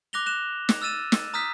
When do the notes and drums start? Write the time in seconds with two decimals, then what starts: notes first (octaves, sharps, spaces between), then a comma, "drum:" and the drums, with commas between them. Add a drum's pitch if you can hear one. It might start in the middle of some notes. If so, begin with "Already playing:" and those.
0.13 D6 F#6 A#6 F7 G7
0.26 F#6 E7
0.69 drum: snare
0.81 E6 F6 A6 D#7 E7
1.12 drum: snare
1.34 A#5 D#6 F6 G6 B6